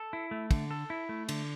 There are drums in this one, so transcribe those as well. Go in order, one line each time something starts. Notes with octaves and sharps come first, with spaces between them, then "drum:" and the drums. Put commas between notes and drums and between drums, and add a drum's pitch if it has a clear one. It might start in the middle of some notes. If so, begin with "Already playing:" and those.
Already playing: A4
E4
A3
D3, drum: kick, cymbal
A4
E4
A3
D3, drum: cymbal